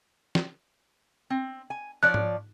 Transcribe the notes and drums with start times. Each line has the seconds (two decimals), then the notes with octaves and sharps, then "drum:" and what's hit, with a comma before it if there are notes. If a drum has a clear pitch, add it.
0.35 drum: snare
1.30 C4
1.70 G#5
2.03 F3 C#5 D5 F#6
2.14 drum: tom G#2